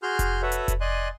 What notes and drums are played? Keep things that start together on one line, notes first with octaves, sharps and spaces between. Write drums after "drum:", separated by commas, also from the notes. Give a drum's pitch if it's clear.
F#4 G#4 C6 F6 G6
drum: kick F1, hi-hat
F#4 A4 B4 C#5 E5 F#5
drum: hi-hat
drum: kick F1, hi-hat
D5 D#5 G#5 C6 F#6